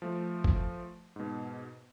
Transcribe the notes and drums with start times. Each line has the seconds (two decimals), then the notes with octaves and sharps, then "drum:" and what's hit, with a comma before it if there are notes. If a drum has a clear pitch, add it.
0.02 F3 A3
0.44 drum: kick
1.16 G#2 B2